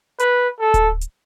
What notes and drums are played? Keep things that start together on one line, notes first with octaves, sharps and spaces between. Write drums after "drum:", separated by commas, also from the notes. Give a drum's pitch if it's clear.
B4, drum: hi-hat
A4
drum: kick D1, hi-hat
drum: hi-hat